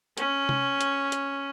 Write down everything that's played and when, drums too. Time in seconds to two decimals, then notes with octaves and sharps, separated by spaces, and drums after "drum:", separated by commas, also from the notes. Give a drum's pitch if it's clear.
0.18 C#4, drum: hi-hat
0.49 drum: tom C3
0.81 drum: hi-hat
1.12 drum: hi-hat